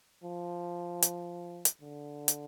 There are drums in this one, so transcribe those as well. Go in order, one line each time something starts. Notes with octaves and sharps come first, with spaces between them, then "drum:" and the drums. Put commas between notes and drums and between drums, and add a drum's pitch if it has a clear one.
F3
drum: hi-hat
drum: hi-hat
D3
drum: hi-hat